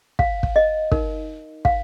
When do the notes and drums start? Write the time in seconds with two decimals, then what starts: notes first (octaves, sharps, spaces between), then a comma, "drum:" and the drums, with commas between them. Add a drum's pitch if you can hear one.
0.19 F5, drum: kick
0.43 drum: kick
0.56 D#5
0.92 D#4 A#4, drum: kick
1.65 F5, drum: kick